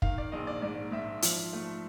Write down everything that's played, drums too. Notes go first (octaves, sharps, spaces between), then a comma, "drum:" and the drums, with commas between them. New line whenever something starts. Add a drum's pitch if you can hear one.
D#3 F5, drum: kick
D5
A#1 D#5
D5
G#2 D5
G#2 E5
F3, drum: hi-hat
A3